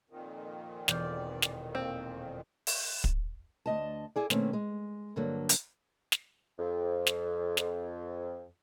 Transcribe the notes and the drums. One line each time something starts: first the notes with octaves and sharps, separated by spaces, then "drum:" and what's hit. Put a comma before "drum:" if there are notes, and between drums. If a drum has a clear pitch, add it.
F2 A#2 D#3
E1 D5 F6 G6, drum: snare
drum: snare
A#3 C4
drum: open hi-hat
drum: kick
D2 D#5 A5
E4 G#4 D5
B2 D#3 A3 A#3 C4 C#4, drum: snare
G#3
G2 D3 F#3 A#3
drum: hi-hat
drum: snare
F2
drum: snare
F2, drum: snare